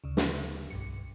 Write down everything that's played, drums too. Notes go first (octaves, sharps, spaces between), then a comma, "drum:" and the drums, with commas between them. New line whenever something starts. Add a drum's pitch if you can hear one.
D2 C#3
drum: snare
B1 G2 C#7